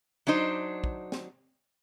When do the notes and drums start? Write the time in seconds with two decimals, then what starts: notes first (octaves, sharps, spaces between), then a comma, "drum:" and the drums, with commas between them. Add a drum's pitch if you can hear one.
0.27 F#3 D4 D#4 C5
0.84 drum: kick
1.12 drum: snare